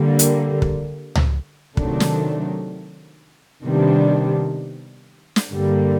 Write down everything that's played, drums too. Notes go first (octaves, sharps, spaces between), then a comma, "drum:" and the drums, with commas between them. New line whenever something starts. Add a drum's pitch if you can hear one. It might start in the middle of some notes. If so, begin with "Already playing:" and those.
Already playing: D3 G3 A#3
drum: hi-hat
drum: kick
drum: tom C#2
C3 D#3 F#3 A3 D4, drum: kick
drum: snare
C3 D#3 G3 B3 D4
drum: snare
G2 D3 G3 A#3